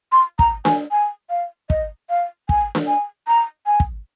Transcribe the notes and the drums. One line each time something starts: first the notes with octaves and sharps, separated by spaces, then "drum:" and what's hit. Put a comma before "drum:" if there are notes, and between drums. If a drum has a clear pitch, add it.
C6
A#5, drum: kick
G#5, drum: snare D4
G#5
F5
D#5, drum: kick
F5
G#5, drum: kick
drum: snare D4
G#5
A#5
G#5
drum: kick